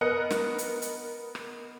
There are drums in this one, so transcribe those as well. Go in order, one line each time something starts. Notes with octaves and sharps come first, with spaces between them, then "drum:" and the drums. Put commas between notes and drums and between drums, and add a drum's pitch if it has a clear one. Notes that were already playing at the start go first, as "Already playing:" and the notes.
B3 A#4 D#5 F#6 C#7
drum: snare
drum: hi-hat
drum: hi-hat
drum: rim click